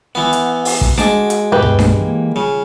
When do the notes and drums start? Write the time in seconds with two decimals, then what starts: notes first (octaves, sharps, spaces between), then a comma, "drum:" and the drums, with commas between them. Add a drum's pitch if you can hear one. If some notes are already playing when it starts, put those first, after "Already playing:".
0.15 E3 B3 F#5
0.33 drum: hi-hat
0.65 drum: open hi-hat
0.81 drum: kick
0.98 G#3 F#4 A5 D6, drum: snare D4
1.30 drum: hi-hat
1.52 G2 B2 G3 G4 B4
1.62 drum: tom C2
1.79 drum: snare D4
2.00 E3 A#3
2.36 C#3 G3 F4